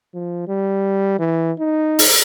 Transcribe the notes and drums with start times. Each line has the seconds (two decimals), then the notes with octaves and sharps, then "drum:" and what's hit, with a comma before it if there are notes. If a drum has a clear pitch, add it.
0.14 F3
0.48 G3
1.19 E3
1.59 D#4
1.99 drum: open hi-hat